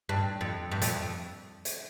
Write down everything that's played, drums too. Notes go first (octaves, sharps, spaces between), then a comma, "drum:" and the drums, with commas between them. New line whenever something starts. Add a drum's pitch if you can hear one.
G2
F2
G2
F2, drum: hi-hat
drum: hi-hat